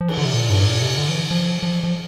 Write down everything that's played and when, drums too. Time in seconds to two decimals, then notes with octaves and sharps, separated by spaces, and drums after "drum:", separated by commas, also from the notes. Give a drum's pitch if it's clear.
0.01 F3
0.08 E3, drum: cymbal
0.18 D3
0.25 C3
0.33 A#2
0.50 G2, drum: cymbal
0.66 A#2
0.82 C3
0.98 D3
1.09 E3
1.31 F3
1.63 F3
1.84 F3